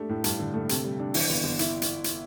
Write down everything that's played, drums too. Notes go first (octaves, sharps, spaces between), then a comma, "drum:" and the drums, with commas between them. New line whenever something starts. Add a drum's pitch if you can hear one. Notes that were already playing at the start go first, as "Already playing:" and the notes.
Already playing: A3 D4 G4
A2
G2, drum: hi-hat
D3
A3
C3, drum: hi-hat
G3
D4
E3, drum: open hi-hat
G1
G1
E4, drum: hi-hat
drum: hi-hat
drum: hi-hat